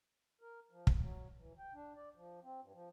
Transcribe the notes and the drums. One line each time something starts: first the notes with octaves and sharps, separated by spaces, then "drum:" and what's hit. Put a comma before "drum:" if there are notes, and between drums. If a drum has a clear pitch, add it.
A#4
F3
drum: kick
F#3
E3
G5
D4
D5
F3
C4
G2
F3